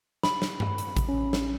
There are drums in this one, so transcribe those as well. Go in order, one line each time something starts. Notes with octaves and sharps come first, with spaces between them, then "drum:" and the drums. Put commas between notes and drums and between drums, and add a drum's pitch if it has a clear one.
B5, drum: snare
drum: snare
drum: tom G2
drum: hi-hat
drum: kick A1, hi-hat
A1 C#4
drum: snare